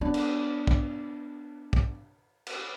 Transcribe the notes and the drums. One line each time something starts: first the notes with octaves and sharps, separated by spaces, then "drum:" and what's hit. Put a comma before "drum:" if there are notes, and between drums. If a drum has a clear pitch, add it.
B3 D4
drum: cymbal
drum: kick
drum: kick
drum: cymbal